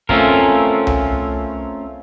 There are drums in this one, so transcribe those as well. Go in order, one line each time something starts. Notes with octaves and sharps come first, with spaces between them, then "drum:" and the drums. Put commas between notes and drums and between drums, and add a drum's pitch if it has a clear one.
A3 C4 C#4 F4 A#4, drum: kick
drum: tom C2